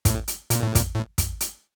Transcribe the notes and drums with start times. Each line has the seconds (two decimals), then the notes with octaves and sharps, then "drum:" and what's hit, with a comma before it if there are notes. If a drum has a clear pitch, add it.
0.05 A2, drum: kick, hi-hat
0.28 drum: hi-hat
0.50 A#2, drum: hi-hat
0.63 A2
0.75 A#2, drum: kick, hi-hat
0.95 A2
1.18 drum: kick, hi-hat
1.41 drum: hi-hat